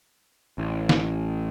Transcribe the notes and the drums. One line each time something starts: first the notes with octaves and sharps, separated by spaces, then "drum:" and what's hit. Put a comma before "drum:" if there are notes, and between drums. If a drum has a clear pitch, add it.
A1
drum: snare